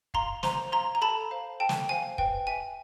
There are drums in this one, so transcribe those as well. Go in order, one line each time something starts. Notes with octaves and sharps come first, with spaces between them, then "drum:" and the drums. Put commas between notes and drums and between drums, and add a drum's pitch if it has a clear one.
F5 A#5 C6, drum: kick
C5 A#5 C6, drum: snare
F5 A#5 C6
A#5
A4 A5 B5
C5 F5
A4 G5 A5
drum: snare
C5 F5 G#5
B4 G5, drum: kick
E5 G5 G#5